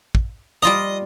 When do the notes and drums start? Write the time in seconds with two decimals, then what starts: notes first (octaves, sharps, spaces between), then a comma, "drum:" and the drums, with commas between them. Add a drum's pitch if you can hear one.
0.15 drum: kick
0.63 G3 F4 D#5 A#5